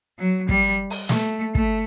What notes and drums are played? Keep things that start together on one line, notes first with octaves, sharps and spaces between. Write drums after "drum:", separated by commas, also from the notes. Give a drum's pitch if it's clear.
F#3
G3, drum: kick
drum: open hi-hat
A3, drum: snare
A3, drum: kick